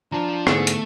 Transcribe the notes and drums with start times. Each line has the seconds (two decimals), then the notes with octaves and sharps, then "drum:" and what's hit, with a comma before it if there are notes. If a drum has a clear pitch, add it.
0.12 F3 D4 F4 A#5
0.47 G#2 D3 E3 A3 B3, drum: rim click
0.67 drum: hi-hat